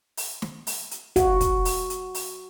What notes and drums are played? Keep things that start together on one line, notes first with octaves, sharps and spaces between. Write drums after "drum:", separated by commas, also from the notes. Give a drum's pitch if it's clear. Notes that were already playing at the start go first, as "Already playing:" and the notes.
drum: open hi-hat
drum: snare
drum: open hi-hat
drum: hi-hat
F#4, drum: kick, hi-hat
drum: kick, hi-hat
drum: open hi-hat
drum: hi-hat
drum: open hi-hat